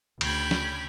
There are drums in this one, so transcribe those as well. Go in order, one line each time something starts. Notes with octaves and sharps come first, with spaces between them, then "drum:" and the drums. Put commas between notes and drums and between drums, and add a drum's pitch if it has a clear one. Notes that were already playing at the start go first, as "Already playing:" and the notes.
D2 C#3 G5 B5 G#6, drum: cymbal
drum: snare